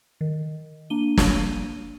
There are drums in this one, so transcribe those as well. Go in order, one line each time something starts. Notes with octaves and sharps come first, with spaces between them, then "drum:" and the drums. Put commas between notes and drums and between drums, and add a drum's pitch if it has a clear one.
D#3
A#3 D4 D#7 G7
drum: snare